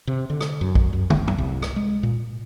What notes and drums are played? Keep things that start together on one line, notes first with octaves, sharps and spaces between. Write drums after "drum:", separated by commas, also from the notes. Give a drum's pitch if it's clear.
C3
D3
drum: rim click
F#2
drum: kick B1
F#2
F1, drum: tom
drum: tom G#2
C2
drum: rim click
G#3
A#2